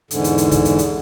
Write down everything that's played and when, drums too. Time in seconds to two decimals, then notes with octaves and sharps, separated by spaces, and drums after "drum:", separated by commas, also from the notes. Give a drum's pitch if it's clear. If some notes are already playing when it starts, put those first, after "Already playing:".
0.11 E2 G#2 D3, drum: hi-hat
0.24 drum: hi-hat
0.38 drum: hi-hat
0.51 drum: kick, hi-hat
0.65 drum: hi-hat
0.79 drum: hi-hat